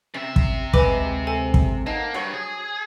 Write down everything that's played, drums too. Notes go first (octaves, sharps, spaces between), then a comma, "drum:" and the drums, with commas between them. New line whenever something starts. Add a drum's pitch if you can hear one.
C3 C#4 E5
drum: kick
D2 G#3 B4 D#5 G#5 D6, drum: kick
A4 C5 G#5
drum: kick
A#3 D#4 F#5 A5
G2 F#3 C#5
G#4 D#6